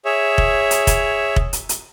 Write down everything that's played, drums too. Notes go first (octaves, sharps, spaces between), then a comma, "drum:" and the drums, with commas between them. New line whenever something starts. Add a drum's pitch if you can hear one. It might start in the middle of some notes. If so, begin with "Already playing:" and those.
G#4 C#5 E5
drum: kick F1
drum: hi-hat
drum: kick F1, hi-hat
drum: kick F1
drum: hi-hat
drum: hi-hat